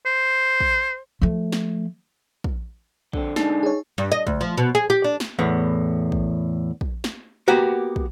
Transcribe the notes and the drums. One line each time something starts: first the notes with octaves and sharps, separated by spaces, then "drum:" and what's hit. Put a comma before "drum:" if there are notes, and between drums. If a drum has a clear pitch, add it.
C5
drum: kick
F3 A3
drum: snare
drum: kick
D3 C4, drum: kick
D3 G#3 D4 D#4, drum: snare
G#4 C#5
G2
D#5
D2, drum: kick
F3
B2
G#4
G4
D4
drum: snare
E2 A2 B3
drum: kick
drum: kick
drum: snare
A#3 B3 F#4 G4
drum: kick